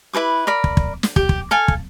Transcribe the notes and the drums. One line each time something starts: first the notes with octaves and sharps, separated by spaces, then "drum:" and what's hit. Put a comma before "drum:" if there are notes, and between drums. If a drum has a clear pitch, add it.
E4 A4 B4 D6
A#4 D5 B5
drum: kick
drum: kick
drum: snare
G4, drum: kick
drum: kick
A4 F5 G#5
drum: kick